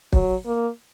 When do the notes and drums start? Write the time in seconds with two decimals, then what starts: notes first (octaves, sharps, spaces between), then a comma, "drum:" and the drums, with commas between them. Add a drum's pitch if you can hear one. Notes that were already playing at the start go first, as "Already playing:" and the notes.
0.13 F#3, drum: kick
0.46 A#3